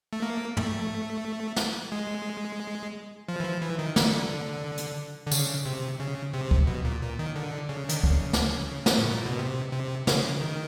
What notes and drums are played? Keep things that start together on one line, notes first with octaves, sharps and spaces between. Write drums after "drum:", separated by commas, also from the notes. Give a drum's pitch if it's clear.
A3
A#3
A3, drum: tom
drum: snare
G#3
F3
E3
F3
E3
D#3
D3, drum: snare
drum: hi-hat
D3
C#3, drum: tambourine
C3
C#3
C3
drum: kick D2
B2
A#2
A#2
D#3
D3
C#3
D#3, drum: hi-hat
D3
C#3, drum: kick D2
drum: snare
drum: snare
A2
A#2
B2
C3
C3
C#3, drum: snare
D#3